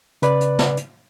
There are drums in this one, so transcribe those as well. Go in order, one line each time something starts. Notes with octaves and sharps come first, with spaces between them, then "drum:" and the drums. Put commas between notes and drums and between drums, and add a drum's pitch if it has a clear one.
C#3 B4 D5, drum: hi-hat
drum: hi-hat
drum: snare
drum: hi-hat